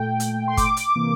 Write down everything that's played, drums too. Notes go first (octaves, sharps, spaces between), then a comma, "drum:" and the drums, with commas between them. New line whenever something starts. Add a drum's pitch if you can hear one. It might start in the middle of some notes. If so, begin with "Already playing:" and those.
Already playing: A#2 A3 G5
drum: hi-hat
C6
D6, drum: kick, hi-hat
drum: hi-hat
C3 E3 A#3